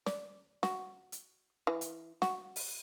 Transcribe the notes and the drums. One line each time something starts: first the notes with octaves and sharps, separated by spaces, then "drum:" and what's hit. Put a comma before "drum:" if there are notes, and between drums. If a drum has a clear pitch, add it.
D5, drum: snare
F#4, drum: snare
drum: hi-hat
E3
drum: hi-hat
F#4, drum: snare
drum: open hi-hat